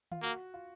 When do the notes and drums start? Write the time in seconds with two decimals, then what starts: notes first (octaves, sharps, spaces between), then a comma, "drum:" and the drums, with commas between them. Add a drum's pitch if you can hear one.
0.12 F4, drum: tom D#3
0.22 A#3 F#4
0.54 F4